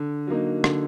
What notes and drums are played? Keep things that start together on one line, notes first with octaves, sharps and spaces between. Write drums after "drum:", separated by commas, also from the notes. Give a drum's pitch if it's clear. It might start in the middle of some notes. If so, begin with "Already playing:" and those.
Already playing: D3
F#3 A#3 D#4
D3, drum: rim click